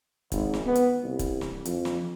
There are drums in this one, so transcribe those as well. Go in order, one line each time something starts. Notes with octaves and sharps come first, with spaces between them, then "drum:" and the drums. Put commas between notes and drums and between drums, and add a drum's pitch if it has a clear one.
G#1, drum: kick, hi-hat
drum: snare
B3
drum: hi-hat
C2
drum: kick, hi-hat
drum: snare
F2, drum: hi-hat
drum: snare